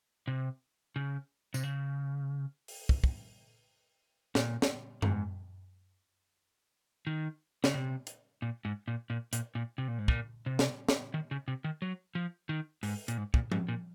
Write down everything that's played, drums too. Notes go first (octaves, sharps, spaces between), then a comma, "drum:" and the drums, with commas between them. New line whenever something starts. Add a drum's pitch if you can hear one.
C3
C#3
C3, drum: tambourine
C#3
drum: open hi-hat
drum: kick
drum: kick
A#2, drum: snare
drum: snare
G#2, drum: tom F#2
D#3
C#3, drum: snare
C3
drum: hi-hat
A#2
G#2
A#2
A#2
A#2, drum: hi-hat
A#2
C3
A#2
G#2
A#2, drum: kick
C3
drum: snare
drum: snare
D#3
C#3
C3
D#3
F#3
F3
D#3
G#2, drum: open hi-hat
A#2, drum: hi-hat
G#2
A#2, drum: kick
G#2, drum: tom F3
A#2